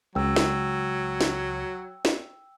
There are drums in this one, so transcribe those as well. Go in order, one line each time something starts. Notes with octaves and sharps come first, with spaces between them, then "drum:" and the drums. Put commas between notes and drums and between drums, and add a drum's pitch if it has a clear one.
C#2 F#3 G5 E6
drum: snare
drum: snare
drum: snare